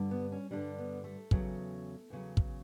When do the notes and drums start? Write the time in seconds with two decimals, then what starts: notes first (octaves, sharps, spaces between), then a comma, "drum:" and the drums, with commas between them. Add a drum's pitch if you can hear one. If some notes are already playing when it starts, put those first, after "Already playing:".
Already playing: G2 D3 G3
0.11 B3
0.32 C#4
0.51 G2 D3 G3 D4
0.78 B3
1.04 A3
1.31 E2 C#3 F#3, drum: kick
2.10 E2 C#3 F#3
2.37 drum: kick